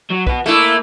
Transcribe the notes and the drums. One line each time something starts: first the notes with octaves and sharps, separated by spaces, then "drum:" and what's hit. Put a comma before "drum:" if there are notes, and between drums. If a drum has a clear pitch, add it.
F#3
F#4 B4, drum: kick B1
A3 A#3 E4